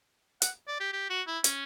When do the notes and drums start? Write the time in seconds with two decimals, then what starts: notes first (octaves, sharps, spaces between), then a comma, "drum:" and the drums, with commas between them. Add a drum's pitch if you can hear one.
0.42 F#5, drum: hi-hat
0.68 D5
0.80 G4
0.93 G4
1.10 F#4
1.27 E4
1.44 C#4, drum: hi-hat